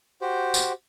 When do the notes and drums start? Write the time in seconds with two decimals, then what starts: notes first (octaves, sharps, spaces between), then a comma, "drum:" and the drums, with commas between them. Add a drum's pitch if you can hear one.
0.21 F#4 G4 C5
0.54 drum: tambourine